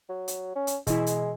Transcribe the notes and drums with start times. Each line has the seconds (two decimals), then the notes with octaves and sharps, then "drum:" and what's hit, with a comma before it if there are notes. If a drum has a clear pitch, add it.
0.09 F#3
0.28 drum: hi-hat
0.55 C#4
0.67 drum: hi-hat
0.87 B2 E3 G#3 E4, drum: kick, hi-hat
1.07 drum: hi-hat